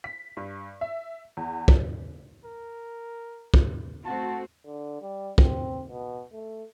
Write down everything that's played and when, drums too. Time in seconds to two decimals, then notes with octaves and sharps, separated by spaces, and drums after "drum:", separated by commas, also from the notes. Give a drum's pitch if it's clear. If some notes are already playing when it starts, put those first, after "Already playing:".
0.04 B6
0.37 G2
0.81 E5
1.37 E2
1.68 drum: kick
2.45 A#4
3.54 drum: kick
4.06 A3 C4 F#4 A5
4.65 D3
5.02 G3
5.38 C4, drum: kick
5.89 B2
6.33 A3